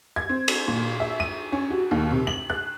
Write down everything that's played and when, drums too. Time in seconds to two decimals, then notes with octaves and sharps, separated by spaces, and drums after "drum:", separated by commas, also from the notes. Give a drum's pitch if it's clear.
0.16 G#6
0.29 C4
0.48 drum: cymbal
0.68 A#2
1.00 E5
1.20 D#7
1.52 C#4
1.70 F#4
1.91 D#2
2.11 C3
2.27 F#7
2.50 F#6